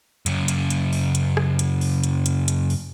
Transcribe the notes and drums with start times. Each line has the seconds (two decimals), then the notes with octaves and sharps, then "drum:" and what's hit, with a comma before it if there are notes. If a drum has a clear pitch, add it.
0.26 F#2 C#3, drum: hi-hat
0.48 drum: hi-hat
0.70 drum: hi-hat
0.93 drum: open hi-hat
1.15 drum: hi-hat
1.37 drum: rim click
1.59 drum: hi-hat
1.81 drum: open hi-hat
2.04 drum: hi-hat
2.26 drum: hi-hat
2.48 drum: hi-hat
2.70 drum: open hi-hat